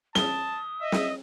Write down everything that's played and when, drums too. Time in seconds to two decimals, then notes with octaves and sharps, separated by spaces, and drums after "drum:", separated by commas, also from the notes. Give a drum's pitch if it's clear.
0.15 A5 D#6 G7, drum: snare
0.81 D#5 E5
0.92 drum: snare